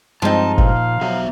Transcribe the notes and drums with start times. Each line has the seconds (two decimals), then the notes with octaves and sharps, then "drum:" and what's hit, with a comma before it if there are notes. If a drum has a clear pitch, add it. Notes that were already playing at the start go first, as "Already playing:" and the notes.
0.22 G2 F3 G#3 C4 D#4 A5
0.58 A#2 F5, drum: kick
1.01 B1 F#3 B3 E5 A#5